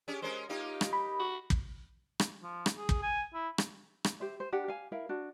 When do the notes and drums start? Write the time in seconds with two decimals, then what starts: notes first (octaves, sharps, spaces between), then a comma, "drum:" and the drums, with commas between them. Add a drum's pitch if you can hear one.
0.08 C#4 G4 G#4
0.22 G#3 C#4 A#4 C5
0.49 A#3 D#4 F4 G4
0.81 drum: rim click
0.93 B5
1.20 F#4
1.50 drum: kick
2.20 drum: rim click
2.43 F3
2.66 drum: rim click
2.76 G#4
2.89 drum: kick
3.03 G#5
3.34 E4
3.58 drum: rim click
4.04 drum: rim click
4.20 G4 C5 E5
4.40 C5
4.52 D4 G4 F#5
4.68 F5 G#5
4.92 E4 A#4 F5
5.09 D4 F#4